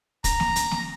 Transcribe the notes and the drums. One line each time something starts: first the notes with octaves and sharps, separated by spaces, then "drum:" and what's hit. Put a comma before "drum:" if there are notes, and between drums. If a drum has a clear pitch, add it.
A#5, drum: kick, hi-hat
drum: snare
drum: hi-hat
drum: snare